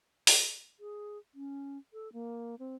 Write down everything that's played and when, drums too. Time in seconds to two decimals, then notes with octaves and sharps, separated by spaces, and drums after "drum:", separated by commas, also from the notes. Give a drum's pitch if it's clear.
0.27 drum: open hi-hat
0.80 G#4
1.34 C#4
1.93 A4
2.13 A#3
2.59 C4